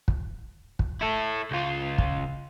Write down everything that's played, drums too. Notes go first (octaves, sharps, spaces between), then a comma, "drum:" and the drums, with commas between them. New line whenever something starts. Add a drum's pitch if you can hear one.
drum: kick
drum: kick
E4 A4
C#2 F4
drum: kick